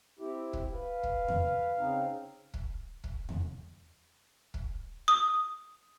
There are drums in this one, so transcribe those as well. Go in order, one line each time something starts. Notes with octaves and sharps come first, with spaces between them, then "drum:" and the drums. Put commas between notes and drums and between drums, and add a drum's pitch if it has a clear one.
C4 E4 G4
drum: kick
B4 F5
drum: kick
drum: tom E2
C#3 C4 D#4
drum: kick
drum: kick
drum: tom E2
drum: kick
D#6